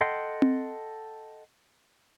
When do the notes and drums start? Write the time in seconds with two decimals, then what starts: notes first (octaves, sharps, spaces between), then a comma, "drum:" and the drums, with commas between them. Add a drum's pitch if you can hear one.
0.01 A4 D#5 F#5 G5 C6
0.42 drum: tom C4